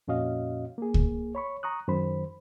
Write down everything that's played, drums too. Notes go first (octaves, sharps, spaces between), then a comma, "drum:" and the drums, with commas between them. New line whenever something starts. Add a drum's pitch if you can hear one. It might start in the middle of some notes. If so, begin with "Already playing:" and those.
F2 A#2 C#4 F#4 D#5 F5
A#3 G#4
drum: kick C#2
C#5 B5 C#6
A#5 C#6 D#6 F#6
F#2 D#3 C5 B5